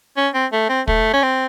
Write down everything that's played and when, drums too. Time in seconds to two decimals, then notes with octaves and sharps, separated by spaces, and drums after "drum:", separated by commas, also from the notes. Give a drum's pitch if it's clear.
0.17 C#4
0.34 C4
0.52 A3
0.69 C4
0.88 A3, drum: kick
1.13 C#4
1.23 C4